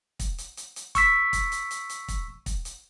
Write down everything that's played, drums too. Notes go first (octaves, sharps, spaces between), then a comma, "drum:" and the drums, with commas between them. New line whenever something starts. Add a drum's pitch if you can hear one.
drum: kick, hi-hat
drum: hi-hat
drum: hi-hat
drum: hi-hat
C#6 E6 B6, drum: kick, hi-hat
drum: kick, hi-hat
drum: hi-hat
drum: hi-hat
drum: hi-hat
drum: kick, hi-hat
drum: kick, hi-hat
drum: hi-hat